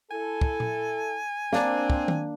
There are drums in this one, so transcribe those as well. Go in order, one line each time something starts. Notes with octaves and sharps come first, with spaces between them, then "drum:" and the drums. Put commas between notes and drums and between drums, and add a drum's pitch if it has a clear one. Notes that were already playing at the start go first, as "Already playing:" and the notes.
E4 A4 G#5
drum: kick
drum: tom A#2
A#3 C4 D4, drum: snare
drum: kick
drum: tom D#3